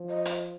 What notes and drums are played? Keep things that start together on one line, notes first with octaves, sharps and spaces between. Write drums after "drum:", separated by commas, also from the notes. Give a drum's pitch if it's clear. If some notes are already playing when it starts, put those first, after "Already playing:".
Already playing: F3
D#5
drum: hi-hat